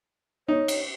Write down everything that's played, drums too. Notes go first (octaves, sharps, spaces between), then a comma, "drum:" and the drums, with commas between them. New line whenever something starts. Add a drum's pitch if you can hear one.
D#4 C#5
drum: cymbal